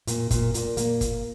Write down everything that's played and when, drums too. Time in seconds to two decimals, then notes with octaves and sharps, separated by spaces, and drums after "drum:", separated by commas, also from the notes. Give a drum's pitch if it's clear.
0.07 A#2, drum: hi-hat
0.31 A#2, drum: kick, hi-hat
0.54 A#2, drum: hi-hat
0.77 A#3, drum: hi-hat
1.01 drum: kick, hi-hat